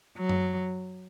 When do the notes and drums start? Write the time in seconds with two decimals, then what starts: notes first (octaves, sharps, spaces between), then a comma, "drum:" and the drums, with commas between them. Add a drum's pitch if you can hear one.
0.18 F#3
0.29 drum: tom F#2